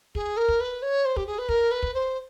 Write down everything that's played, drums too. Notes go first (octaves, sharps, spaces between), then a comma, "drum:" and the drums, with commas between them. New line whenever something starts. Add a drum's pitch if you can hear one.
G#4, drum: kick
A#4
drum: kick
B4
C#5
C5
G4, drum: kick
G#4
B4
A#4, drum: kick
B4
drum: kick
C5